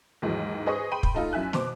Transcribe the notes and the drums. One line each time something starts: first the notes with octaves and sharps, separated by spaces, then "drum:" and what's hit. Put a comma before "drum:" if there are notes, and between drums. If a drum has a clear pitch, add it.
D#2 G#2 D#3 E3 F#3
G#4 B4 C5 D#5 C#6 D#6
G5 B5 C6 D#7
drum: kick
A3 D#4 F4 A4
F#2 E4 E5 G#5 F#6
B2 C5 D6, drum: snare